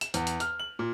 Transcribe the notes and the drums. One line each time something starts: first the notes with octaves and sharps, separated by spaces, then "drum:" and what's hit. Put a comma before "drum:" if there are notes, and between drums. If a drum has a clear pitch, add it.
E7, drum: hi-hat
E2, drum: hi-hat
drum: hi-hat
F6, drum: hi-hat
F#7
A#2